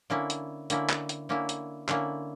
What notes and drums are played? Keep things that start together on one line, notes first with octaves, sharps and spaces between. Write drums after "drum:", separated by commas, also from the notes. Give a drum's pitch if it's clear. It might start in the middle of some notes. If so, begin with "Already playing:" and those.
D3 A#3 C#4 E4
drum: hi-hat
D3 A#3 C#4 E4, drum: hi-hat
drum: clap
drum: hi-hat
D3 A#3 C#4 E4
drum: hi-hat
D3 A#3 C#4 E4, drum: clap